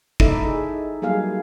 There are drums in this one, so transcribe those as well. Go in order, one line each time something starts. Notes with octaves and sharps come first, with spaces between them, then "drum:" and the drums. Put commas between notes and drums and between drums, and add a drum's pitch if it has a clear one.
D#4 E4 A4 D5 E5, drum: kick
G#4
F#3 G3 A#3 G#4 F5